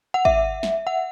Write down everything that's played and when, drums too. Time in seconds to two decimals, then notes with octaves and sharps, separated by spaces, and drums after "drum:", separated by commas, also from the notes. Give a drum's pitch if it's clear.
0.14 F#5
0.25 E5, drum: kick G#1
0.63 drum: snare
0.87 F#5